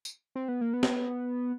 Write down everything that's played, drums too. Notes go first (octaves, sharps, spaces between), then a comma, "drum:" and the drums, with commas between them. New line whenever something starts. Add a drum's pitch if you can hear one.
drum: tambourine
C4
B3
A#3
B3
drum: snare